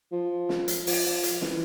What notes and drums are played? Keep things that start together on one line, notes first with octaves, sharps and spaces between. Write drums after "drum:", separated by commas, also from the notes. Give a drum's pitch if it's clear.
F3
drum: snare
drum: hi-hat
F3, drum: open hi-hat
drum: hi-hat
E3, drum: snare